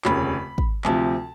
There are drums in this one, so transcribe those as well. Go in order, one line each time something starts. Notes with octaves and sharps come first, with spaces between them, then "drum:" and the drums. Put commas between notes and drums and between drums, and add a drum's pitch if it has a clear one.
F1 D#2 C#3 B5, drum: clap
drum: kick
D2 C3 F3 A5, drum: clap